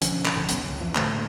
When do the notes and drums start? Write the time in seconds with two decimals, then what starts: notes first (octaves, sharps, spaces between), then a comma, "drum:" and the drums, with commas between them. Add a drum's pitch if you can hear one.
0.02 B1 D3 F3 C#4, drum: hi-hat
0.25 drum: clap
0.35 G#1 G#2 D3 F3
0.49 B1 F#3 B3 C#4, drum: hi-hat
0.63 C#2 C#3
0.80 F2 E3 F3
0.95 A2 D3 A3 A#3, drum: clap